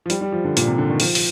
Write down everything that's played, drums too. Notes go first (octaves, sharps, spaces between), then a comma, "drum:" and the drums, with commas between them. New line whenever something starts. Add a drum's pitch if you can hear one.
F3
G3, drum: hi-hat
G3
F3
D3
A#2, drum: hi-hat
C3
D3
D#3
F3, drum: open hi-hat
drum: open hi-hat